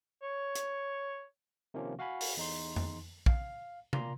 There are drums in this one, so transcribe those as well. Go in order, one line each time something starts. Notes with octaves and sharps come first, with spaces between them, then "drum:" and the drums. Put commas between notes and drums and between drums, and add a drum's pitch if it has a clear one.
C#5
drum: hi-hat
C3 D#3 F3 A#3 C#4
F#4 F5 F#5 G#5 B5
drum: open hi-hat
E2 D#4 C6
drum: tom F2
F5, drum: kick
A#2 A#3 A#5 C6, drum: tom C3